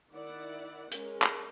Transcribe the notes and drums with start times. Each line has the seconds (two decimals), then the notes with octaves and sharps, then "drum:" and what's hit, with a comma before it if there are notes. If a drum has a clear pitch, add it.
0.12 D#3 E4 D5 F#5
0.91 G#3 C#4 A#4, drum: hi-hat
1.22 drum: clap